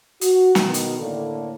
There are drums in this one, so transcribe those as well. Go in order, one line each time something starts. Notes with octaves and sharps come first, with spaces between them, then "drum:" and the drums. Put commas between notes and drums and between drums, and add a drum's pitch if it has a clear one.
F#4, drum: hi-hat
B2 D#3, drum: snare
drum: hi-hat
A2 D3 A#3 A4